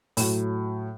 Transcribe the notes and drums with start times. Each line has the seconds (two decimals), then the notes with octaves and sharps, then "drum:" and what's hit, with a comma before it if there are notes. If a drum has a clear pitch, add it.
0.17 A2 F#3, drum: open hi-hat